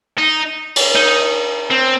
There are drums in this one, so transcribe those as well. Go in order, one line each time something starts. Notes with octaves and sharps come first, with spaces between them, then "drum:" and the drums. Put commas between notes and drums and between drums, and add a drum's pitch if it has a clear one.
D#4
drum: cymbal
D#4
C4